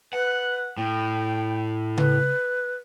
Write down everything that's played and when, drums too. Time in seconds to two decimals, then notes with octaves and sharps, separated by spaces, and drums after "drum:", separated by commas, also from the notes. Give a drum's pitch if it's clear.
0.13 B4 F#5
0.77 A2 G5
1.97 B4, drum: tom C#3